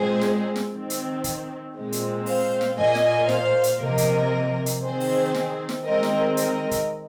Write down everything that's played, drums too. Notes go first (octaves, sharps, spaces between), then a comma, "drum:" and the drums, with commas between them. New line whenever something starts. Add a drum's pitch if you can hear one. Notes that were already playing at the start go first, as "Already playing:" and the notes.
Already playing: A#2 G#3 C4 G#4 C5
drum: snare
drum: snare
D#3 C4
drum: hi-hat
drum: kick, hi-hat
A#2 G#3 C4
drum: hi-hat
C5 F5, drum: open hi-hat
drum: snare
A#2 A#3 D#5 G#5
drum: snare
C5 F5, drum: snare
drum: hi-hat
C3 F3 A#3 A#4 D#5
drum: kick, hi-hat
drum: hi-hat
D#3 C4 G#4 C5
drum: open hi-hat
drum: snare
drum: snare
D#3 G#3 C4 A#4 D#5
drum: snare
A#4 D#5, drum: hi-hat
drum: kick, hi-hat